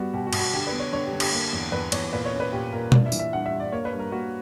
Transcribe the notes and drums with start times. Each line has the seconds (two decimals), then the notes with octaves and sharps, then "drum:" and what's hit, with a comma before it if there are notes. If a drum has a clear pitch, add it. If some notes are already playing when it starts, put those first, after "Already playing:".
Already playing: G3 B3 F#4
0.13 B2 G4
0.27 F#4
0.33 B2, drum: cymbal
0.39 F#4
0.53 D3 G4
0.67 B4
0.72 B3
0.80 C#5
0.93 D3 C#5
1.06 G4
1.13 D3
1.20 G4, drum: cymbal
1.32 A#3
1.53 E2
1.72 E2 B4
1.92 E2 C#5, drum: cymbal
2.13 A#2 B4
2.25 C#5
2.33 C#4
2.40 B4
2.52 A#2 G4
2.73 A#2 A#4
2.92 G2 D5, drum: tom B2
3.06 E5
3.12 E3, drum: tambourine
3.19 E5
3.33 G2 F#5
3.46 E5
3.52 G2
3.60 D5
3.72 A#3 C#5
3.85 B4
3.93 G2
3.99 A#4
4.12 A#3 F#4